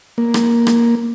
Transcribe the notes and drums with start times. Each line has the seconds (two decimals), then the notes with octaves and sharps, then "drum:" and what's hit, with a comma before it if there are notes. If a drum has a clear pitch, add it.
0.18 A#3
0.34 drum: rim click
0.67 drum: rim click